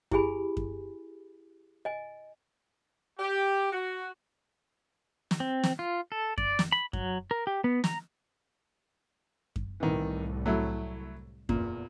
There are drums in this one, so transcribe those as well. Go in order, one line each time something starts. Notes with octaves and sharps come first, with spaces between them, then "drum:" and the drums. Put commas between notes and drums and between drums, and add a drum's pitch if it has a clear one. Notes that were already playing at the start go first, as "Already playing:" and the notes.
E4 G4 G#4 G#5 B5, drum: kick F#2
drum: kick F#2
D#5 G#5
G4
F#4
drum: snare
C4
drum: snare
F4
A4
D5, drum: kick F#2
drum: snare
B5
F#3, drum: kick F#2
A#4
G4
B3
A#5, drum: snare
drum: kick F#2
C2 A2 D#3 E3
F#3 A3 E4
E2 A#2, drum: kick F#2